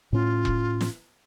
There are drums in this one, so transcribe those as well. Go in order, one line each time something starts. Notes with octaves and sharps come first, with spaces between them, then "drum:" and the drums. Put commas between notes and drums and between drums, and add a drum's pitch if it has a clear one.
A2 C#4 F4
drum: kick E1
drum: snare